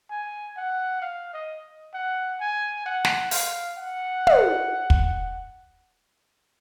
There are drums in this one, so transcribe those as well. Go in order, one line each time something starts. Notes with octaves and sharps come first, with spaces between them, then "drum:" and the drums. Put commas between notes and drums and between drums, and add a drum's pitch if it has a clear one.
G#5
F#5
F5
D#5
F#5
G#5
F#5
drum: snare
F5, drum: open hi-hat
F#5
drum: tom
drum: kick